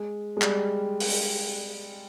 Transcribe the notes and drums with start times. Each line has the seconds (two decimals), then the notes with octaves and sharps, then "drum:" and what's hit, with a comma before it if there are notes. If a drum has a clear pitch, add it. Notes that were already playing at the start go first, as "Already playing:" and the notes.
Already playing: G#3
0.37 G#3
0.42 G3, drum: clap
1.00 drum: open hi-hat